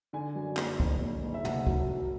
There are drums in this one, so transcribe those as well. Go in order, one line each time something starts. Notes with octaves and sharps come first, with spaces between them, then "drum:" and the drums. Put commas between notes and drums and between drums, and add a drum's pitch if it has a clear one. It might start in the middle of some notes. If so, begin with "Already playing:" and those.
D3 G#5
F#2
F#1, drum: clap
F#1, drum: kick
F#1
F#1
E5
F#1 F#5, drum: tom
F#2, drum: kick
F#3